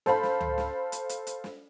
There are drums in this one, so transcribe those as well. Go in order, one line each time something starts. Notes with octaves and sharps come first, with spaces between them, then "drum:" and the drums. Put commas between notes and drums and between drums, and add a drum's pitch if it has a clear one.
A4 C5 F5 B5, drum: snare
drum: snare
drum: tom C#2
drum: snare
drum: hi-hat
drum: hi-hat
drum: hi-hat
drum: snare